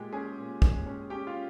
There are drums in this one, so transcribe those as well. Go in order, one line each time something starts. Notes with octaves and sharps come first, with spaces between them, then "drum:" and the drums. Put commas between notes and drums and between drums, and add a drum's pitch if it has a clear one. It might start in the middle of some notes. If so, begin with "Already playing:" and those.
Already playing: A#2 G#3 G4 G5
C#4 G#4 G#5
A#2
G#3, drum: kick
C#4
C#4 G4 G5
F4 F5